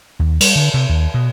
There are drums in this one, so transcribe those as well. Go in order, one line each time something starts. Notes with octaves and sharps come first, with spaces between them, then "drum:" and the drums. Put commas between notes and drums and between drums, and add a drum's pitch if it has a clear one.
D#2
G3, drum: cymbal
D3
C3
D#2
B2